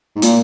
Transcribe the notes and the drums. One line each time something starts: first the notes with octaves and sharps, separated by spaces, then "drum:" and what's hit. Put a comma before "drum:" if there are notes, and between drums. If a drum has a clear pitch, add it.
G#2
A#2, drum: hi-hat